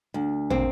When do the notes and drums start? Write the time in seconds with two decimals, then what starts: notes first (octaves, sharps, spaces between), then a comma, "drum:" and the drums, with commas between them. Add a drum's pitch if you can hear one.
0.14 D2
0.50 A#3 C4, drum: tom